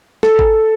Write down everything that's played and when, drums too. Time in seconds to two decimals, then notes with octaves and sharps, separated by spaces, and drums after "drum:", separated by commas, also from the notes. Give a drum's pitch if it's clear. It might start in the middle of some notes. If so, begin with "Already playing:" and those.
0.23 A4, drum: snare
0.39 drum: kick G#1